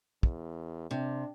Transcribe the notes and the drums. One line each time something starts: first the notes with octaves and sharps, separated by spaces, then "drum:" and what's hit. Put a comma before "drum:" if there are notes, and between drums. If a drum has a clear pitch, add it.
E2, drum: kick
C3 D4